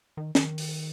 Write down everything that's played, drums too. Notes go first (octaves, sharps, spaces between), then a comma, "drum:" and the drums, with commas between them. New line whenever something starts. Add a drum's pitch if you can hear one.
D#3
D#3, drum: snare
drum: open hi-hat